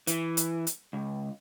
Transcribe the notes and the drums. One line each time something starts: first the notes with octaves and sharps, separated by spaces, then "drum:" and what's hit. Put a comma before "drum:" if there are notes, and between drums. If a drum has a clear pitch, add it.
E3, drum: hi-hat
drum: hi-hat
drum: hi-hat
C#2